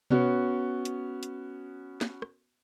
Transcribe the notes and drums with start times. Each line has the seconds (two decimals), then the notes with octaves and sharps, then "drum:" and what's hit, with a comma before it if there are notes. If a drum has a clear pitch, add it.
0.10 B3 C#4 F#4, drum: tom B2
0.85 drum: hi-hat
1.23 drum: hi-hat
2.01 drum: snare
2.22 drum: rim click